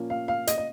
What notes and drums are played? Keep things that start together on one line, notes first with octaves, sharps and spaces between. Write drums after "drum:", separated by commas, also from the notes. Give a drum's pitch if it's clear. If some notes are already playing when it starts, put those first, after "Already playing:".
Already playing: A#2 F3 A#3 C#4
F5
F5
D#5, drum: hi-hat
D#5